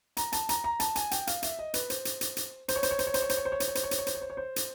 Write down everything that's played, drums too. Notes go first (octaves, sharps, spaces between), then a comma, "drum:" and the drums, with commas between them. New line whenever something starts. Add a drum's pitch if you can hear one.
A#5, drum: hi-hat
A5, drum: hi-hat
A#5, drum: hi-hat
A#5
A5, drum: hi-hat
G#5, drum: hi-hat
G5, drum: hi-hat
F5, drum: hi-hat
E5, drum: hi-hat
D#5
B4, drum: hi-hat
C5, drum: hi-hat
drum: hi-hat
drum: hi-hat
drum: hi-hat
C5, drum: hi-hat
C#5
C5, drum: hi-hat
C#5
C5, drum: hi-hat
C#5
C5, drum: hi-hat
C#5
C5, drum: hi-hat
C#5
C5
C#5
C5, drum: hi-hat
C#5
C5, drum: hi-hat
C#5
C5, drum: hi-hat
C#5
C5, drum: hi-hat
C#5
C5
C#5
C5
drum: hi-hat